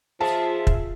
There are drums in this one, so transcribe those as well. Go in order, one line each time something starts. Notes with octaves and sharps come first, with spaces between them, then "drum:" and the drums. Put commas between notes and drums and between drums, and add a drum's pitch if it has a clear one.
F3 F4 G#4 E5 A5
drum: kick